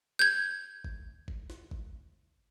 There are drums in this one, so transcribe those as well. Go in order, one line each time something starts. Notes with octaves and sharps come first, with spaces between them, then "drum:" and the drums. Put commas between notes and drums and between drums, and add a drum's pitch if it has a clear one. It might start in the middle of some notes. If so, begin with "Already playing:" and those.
G6 G#6
drum: kick G#1
drum: kick G#1
drum: snare
drum: kick G#1